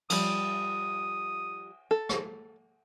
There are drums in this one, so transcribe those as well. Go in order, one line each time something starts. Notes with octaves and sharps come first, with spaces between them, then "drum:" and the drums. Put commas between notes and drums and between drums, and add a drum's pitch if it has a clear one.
F3 G3 D#6, drum: cymbal
A4
drum: rim click